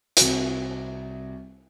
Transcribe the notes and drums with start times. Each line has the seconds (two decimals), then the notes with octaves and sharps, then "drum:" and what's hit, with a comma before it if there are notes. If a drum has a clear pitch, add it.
0.17 C2 F#4, drum: hi-hat